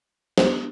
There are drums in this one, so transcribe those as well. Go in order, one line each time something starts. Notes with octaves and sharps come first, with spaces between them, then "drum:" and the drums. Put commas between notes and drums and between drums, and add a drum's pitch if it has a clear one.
B3 D4 G4 C5, drum: snare